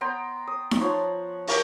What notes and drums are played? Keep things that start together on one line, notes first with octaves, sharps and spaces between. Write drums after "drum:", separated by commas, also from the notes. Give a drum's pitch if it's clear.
B3 G5 A#5 C6
D#6
drum: snare D#4
F3 C#5 F#5
G4 A#4 C#5 A5, drum: open hi-hat